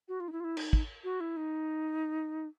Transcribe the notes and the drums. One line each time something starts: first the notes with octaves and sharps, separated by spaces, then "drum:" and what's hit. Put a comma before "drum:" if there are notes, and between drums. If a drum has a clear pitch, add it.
F#4
F4
D#4
E4
F4
E4
D#4, drum: cymbal
drum: kick
F#4
E4
D#4